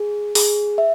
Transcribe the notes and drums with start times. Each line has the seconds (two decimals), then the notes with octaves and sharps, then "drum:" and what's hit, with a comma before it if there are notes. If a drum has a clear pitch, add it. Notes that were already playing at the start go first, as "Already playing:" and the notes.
Already playing: G#4
0.35 G#4, drum: open hi-hat
0.78 E5